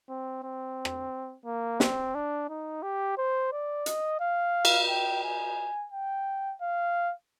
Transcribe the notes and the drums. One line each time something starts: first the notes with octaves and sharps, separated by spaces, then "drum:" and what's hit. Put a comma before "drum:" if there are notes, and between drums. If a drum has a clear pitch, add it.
C4
C4
drum: rim click
A#3
C4, drum: snare
D4
D#4
G4
C5
D5
D#5, drum: hi-hat
F5
drum: cymbal
G5
G#5
G5
F5